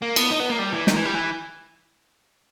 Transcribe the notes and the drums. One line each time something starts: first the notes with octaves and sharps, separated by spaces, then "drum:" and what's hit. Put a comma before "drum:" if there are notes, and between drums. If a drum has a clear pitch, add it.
A#3
B3, drum: cymbal
D#4
B3
A#3
G3
E3
D#3, drum: snare
E3
G3
E3